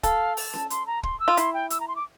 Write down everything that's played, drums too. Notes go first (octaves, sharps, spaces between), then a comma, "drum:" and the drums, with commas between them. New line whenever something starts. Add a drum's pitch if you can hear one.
A4 F5, drum: kick, hi-hat
A5, drum: open hi-hat
drum: snare C#4
C6, drum: hi-hat
A#5
C6, drum: kick
E6
F4
E4 C6, drum: hi-hat
G5
E6, drum: hi-hat
A#5
C6
D6